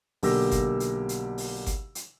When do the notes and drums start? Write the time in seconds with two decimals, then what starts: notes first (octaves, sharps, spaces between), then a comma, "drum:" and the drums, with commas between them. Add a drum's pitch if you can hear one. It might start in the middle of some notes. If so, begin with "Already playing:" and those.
0.23 B1 D3 A#3 G4 E6 A#6, drum: open hi-hat
0.51 drum: kick G1, hi-hat
0.80 drum: hi-hat
1.09 drum: hi-hat
1.38 drum: open hi-hat
1.66 drum: kick G1, hi-hat
1.95 drum: hi-hat